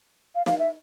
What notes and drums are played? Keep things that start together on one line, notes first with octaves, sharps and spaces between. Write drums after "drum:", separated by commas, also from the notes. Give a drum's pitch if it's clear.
F5
F5, drum: snare
E5